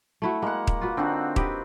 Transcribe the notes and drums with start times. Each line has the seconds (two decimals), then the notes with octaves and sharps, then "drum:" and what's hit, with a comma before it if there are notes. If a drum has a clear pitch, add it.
0.22 A3 E4 F#4
0.42 G#3 A#3 F#5
0.67 drum: kick
0.81 F4 F#4 B4
0.97 D3 C4 D#4 F#4
1.36 G4 B4 D#5, drum: kick